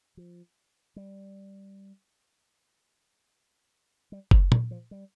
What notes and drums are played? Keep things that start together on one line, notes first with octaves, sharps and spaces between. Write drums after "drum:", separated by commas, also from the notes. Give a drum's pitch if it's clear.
F3
G3
G3
F3, drum: kick F#1
G3, drum: tom
F3
G3